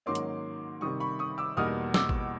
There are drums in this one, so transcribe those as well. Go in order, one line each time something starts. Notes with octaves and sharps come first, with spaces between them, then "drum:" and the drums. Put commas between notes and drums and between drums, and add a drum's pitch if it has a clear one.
G#2 D#3 F#3 A#3 C#4 C6 D6
drum: hi-hat
C3 D#3 G3 C#6 D#6
B5 C#6
C#6 D#6
D6 E6
E2 B2 G3 A#3 D#4 D#6 F6
D6 E6, drum: snare
drum: kick G#1